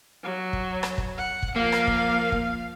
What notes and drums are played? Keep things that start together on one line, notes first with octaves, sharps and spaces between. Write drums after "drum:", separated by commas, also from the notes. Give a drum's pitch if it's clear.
F#3
drum: kick
drum: rim click
drum: kick
F#5
drum: kick
F3 A#3 F5
drum: rim click
drum: kick
drum: kick